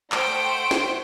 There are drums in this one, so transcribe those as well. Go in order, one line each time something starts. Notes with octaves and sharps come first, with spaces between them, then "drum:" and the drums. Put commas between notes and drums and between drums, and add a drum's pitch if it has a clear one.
A3 C5 F#5 G5 D7, drum: clap
drum: snare